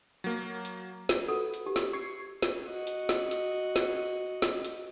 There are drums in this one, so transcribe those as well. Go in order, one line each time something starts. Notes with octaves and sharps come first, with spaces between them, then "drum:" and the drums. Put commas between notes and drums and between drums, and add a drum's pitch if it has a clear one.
F#3 A#3
drum: hi-hat
drum: snare
F#4 A4 B4
drum: hi-hat
G4
drum: snare
C#6 G#6 C7
drum: snare
F#4 D#5
drum: hi-hat
drum: snare
drum: hi-hat
drum: snare
drum: snare
drum: hi-hat